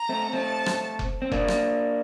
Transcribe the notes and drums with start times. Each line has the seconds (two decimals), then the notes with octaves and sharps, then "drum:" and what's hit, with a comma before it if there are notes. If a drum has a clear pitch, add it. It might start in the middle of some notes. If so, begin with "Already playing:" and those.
Already playing: A#5
0.09 A3 C4
0.33 A3 C4 A5
0.66 drum: rim click
0.99 drum: kick F1
1.22 C4
1.32 A#3 D4, drum: kick F1
1.48 drum: rim click